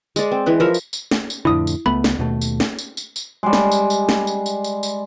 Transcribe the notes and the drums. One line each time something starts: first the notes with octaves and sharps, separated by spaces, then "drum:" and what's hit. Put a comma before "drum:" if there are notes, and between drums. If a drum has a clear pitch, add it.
G#3 D5, drum: tambourine
C4
E3 G#3 B4
F3 A#4 E5
drum: tambourine
drum: tambourine
drum: snare
drum: tambourine
F2 A2 D3 E4 D#6
drum: tambourine
C#2 A3 B3 B5
drum: snare
D#2 B2 A3
drum: tambourine
drum: snare
drum: tambourine
drum: tambourine
drum: tambourine
G3 G#3
drum: snare
drum: tambourine
drum: tambourine
drum: snare
drum: tambourine
drum: tambourine
drum: tambourine
drum: tambourine